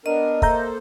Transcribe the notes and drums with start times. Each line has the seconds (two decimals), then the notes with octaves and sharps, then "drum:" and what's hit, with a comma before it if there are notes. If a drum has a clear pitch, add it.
0.06 B3 D4 A#4 D#5
0.42 A#3 A4 C5 E5 A#5 G6, drum: kick